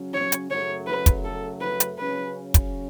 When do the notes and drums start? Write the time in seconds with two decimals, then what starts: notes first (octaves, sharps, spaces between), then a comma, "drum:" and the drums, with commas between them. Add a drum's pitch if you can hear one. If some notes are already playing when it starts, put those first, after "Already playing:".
Already playing: C#3 F#3 C#4
0.14 C#5
0.32 drum: hi-hat
0.50 F#2 C#3 F#3 A3 C#5
0.87 B4
1.06 drum: kick, hi-hat
1.25 A4
1.61 B4
1.80 drum: hi-hat
1.98 C#3 F#3 C#4 B4
2.54 drum: kick, hi-hat